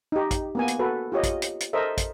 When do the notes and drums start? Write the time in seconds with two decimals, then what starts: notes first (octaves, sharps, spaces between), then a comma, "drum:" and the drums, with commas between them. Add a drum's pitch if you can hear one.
0.12 D#4 G4
0.31 drum: kick, hi-hat
0.55 A#3 B3 G#5
0.68 drum: hi-hat
0.79 F#4 A4 B4
1.12 F4 G4 C#5 D#5
1.23 drum: kick, hi-hat
1.42 drum: hi-hat
1.60 drum: hi-hat
1.73 A4 A#4 C5 D#5 E5
1.98 drum: kick, hi-hat